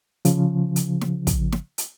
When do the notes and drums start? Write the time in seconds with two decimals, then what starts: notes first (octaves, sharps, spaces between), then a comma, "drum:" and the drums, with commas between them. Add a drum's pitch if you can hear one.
0.25 C#3 F3, drum: hi-hat
0.76 drum: hi-hat
1.01 drum: snare
1.27 drum: kick, hi-hat
1.52 drum: snare
1.78 drum: hi-hat